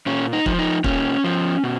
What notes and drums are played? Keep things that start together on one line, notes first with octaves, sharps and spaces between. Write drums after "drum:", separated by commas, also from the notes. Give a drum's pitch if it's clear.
A#2 C#4
D#4
F3, drum: kick
D#4
A#2 C#4, drum: kick
F3
B2